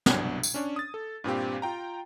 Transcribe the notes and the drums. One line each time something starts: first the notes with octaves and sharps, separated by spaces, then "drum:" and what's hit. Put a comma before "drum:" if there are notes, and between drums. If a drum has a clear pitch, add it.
C2 B2 F#3 D4 G#6, drum: snare
drum: tambourine
C#4 D4 C#5
D#6 A6
A4
G2 A#2 C4 G4
F4 G5 A#5